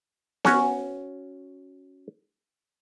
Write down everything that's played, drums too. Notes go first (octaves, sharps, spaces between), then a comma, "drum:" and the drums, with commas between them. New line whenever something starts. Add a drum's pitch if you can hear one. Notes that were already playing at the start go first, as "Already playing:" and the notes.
C#4 F#4, drum: snare B3